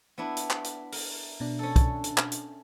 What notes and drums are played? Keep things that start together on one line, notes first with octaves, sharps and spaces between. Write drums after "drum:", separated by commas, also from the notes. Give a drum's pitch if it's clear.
B3 D4 E4
drum: hi-hat
drum: clap
drum: hi-hat
A#4, drum: open hi-hat
B2 D4
C#4 A4
drum: kick, hi-hat
drum: hi-hat
drum: clap
drum: hi-hat